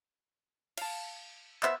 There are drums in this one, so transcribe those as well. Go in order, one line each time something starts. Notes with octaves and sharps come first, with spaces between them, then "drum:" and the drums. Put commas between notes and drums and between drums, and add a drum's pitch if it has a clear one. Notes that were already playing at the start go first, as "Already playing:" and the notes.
F5 A5, drum: cymbal
B3 C5 E5, drum: clap